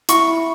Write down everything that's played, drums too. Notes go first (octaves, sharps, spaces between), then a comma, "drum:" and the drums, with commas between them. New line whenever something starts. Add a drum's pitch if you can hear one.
E4 C#6, drum: hi-hat